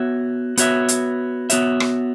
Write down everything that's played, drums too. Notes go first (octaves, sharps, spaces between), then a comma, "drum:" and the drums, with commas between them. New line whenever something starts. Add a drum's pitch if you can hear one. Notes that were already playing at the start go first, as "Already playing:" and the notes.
Already playing: B3 F#4 C#5 E5
B3 F#4 C#5 E5, drum: hi-hat
drum: hi-hat
B3 F#4 C#5 E5, drum: hi-hat
drum: rim click